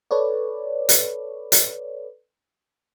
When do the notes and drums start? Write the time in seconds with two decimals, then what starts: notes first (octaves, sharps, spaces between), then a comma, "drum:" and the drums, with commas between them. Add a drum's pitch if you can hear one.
0.11 A4 B4 C#5 D5
0.89 drum: hi-hat
1.52 drum: hi-hat